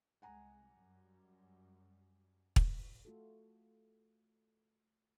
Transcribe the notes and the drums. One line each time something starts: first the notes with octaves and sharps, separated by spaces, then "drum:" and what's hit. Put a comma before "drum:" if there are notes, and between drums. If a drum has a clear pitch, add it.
C2 G#3 F#5 G#5 A#5
F#2 G3
drum: kick
A3 F4 F#4 A4